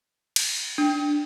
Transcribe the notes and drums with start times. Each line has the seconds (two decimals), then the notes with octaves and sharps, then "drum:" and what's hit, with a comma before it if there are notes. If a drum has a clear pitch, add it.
0.36 drum: cymbal
0.78 D4